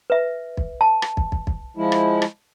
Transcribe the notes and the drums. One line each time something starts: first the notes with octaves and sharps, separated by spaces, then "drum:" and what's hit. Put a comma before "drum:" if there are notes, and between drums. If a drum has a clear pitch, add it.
B4 E5
drum: kick
A5
drum: rim click
drum: kick
drum: kick
drum: kick
F3 G#3 E4
drum: rim click
drum: rim click